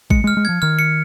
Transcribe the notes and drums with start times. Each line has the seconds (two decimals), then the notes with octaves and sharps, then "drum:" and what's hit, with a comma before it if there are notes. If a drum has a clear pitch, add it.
0.10 G#3 C#7, drum: kick A1
0.24 G#3 F6
0.37 G#3
0.45 F3 G#6
0.62 D#3 F6
0.79 C#7